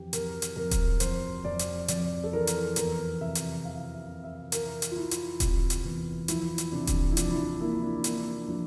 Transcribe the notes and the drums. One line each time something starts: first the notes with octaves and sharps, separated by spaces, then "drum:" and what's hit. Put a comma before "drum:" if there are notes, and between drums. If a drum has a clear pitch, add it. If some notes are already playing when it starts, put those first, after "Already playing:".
Already playing: F2 E3 G4
F2 A#4, drum: hi-hat
drum: hi-hat
F2 A#4
drum: kick D#1, hi-hat
F2 C5, drum: hi-hat
F2 D5
drum: hi-hat
F2 D5, drum: hi-hat
A4
E3 A#4
drum: hi-hat
E2 A#4, drum: hi-hat
C3 E5
drum: hi-hat
E3 F5
E5
C3
E5
E3 A#4, drum: hi-hat
drum: hi-hat
F4
E3 E4
drum: hi-hat
C3, drum: kick D#1, hi-hat
drum: hi-hat
E2
F3 E4, drum: hi-hat
drum: hi-hat
C3 D4
drum: kick D#1, hi-hat
E4
F3 D4, drum: hi-hat
E4
D4
A#3 E4
D4
A#3 D4, drum: hi-hat
F3 D4